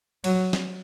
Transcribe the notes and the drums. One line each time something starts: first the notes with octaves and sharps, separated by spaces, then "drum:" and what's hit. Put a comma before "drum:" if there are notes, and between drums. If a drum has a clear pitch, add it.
F#3, drum: cymbal
drum: snare